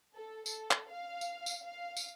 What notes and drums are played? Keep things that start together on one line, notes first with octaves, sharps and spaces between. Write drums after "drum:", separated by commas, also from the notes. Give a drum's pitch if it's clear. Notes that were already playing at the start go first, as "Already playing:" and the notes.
A4
A4, drum: tambourine
drum: clap
F5
drum: tambourine
drum: tambourine
F5
drum: tambourine